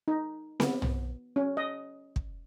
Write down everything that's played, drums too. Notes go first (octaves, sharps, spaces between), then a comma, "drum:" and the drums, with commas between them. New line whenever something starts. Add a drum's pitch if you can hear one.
D#4
B3, drum: snare C4
drum: tom
C#4
D#5
drum: kick